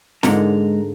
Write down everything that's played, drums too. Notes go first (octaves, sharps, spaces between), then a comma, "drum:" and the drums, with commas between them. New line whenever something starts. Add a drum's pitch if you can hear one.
G#2 D3 G#3 A#3 A#5, drum: snare